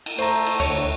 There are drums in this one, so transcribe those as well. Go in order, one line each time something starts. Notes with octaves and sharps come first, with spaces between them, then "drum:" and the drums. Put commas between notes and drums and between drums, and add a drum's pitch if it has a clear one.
drum: cymbal
A3 C5 A#5, drum: cymbal
drum: cymbal
D2 C#5, drum: cymbal